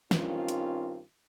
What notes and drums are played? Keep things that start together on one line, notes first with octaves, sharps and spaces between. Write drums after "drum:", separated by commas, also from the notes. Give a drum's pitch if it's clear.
G2 D#3 C4 C#4 F4, drum: snare
drum: hi-hat